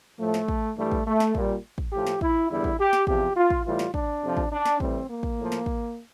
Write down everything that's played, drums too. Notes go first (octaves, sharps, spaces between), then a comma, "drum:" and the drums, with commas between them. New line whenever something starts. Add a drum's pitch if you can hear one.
A2 F3 A3
drum: snare
drum: kick
G2 E3 G3 A3
drum: kick
A3
drum: snare
A#2 G3, drum: kick
drum: kick
A2 F3 G4
drum: snare
E4, drum: kick
E2 D3 G3 E4
drum: kick
G4
drum: snare
E2 C3 F3 G4, drum: kick
F4
drum: kick
A2 E3 G3 F4
drum: snare
D4, drum: kick
F2 C3 F3
drum: kick
D4
drum: snare
A2 E3 G3 C4, drum: kick
A#3
drum: kick
A2 F3
drum: snare
drum: kick